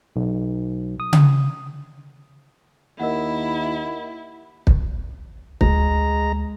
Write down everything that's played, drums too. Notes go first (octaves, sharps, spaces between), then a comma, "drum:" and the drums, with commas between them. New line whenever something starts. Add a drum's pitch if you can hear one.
B1
D#6
drum: tom C#3
D#2 E4 A#4 D#5 F#5
drum: kick
D2 G#3 A#5, drum: kick